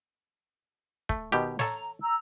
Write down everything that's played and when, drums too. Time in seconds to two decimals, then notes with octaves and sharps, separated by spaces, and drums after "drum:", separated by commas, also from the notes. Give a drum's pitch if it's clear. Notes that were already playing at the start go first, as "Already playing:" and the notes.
1.09 A3, drum: kick
1.32 B2 D#3 G4
1.59 A4 C#5 A#5, drum: snare
2.02 A#5 E6